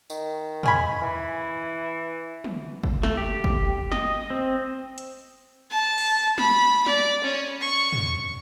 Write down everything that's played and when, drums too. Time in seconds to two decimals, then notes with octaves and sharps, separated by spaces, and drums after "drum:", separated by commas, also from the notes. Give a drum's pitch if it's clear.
0.10 D#3, drum: tambourine
0.63 C#3 G#5 B5, drum: tom
1.02 E3
2.44 drum: tom
2.83 drum: kick
3.03 A3, drum: snare
3.17 G4
3.44 drum: kick
3.92 D#5, drum: snare
4.30 C4
4.98 drum: hi-hat
5.70 A5
5.98 drum: open hi-hat
6.38 B5, drum: snare
6.86 D5, drum: snare
7.23 C#4
7.61 C#6
7.93 drum: tom